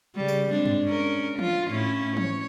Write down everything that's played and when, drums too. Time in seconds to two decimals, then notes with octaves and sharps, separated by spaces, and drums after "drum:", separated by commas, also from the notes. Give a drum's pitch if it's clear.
0.16 C#3 G3
0.28 drum: tambourine
0.50 G#3 C4 D4
0.66 drum: tom G2
0.84 C#4 A#4
1.39 F4, drum: tom E3
1.68 A2 C#4 E4
2.17 C#5, drum: tom E3